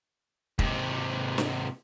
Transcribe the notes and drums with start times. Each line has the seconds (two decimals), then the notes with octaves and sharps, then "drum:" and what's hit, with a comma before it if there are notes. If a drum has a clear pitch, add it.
0.59 G#2 C3, drum: kick
1.38 drum: snare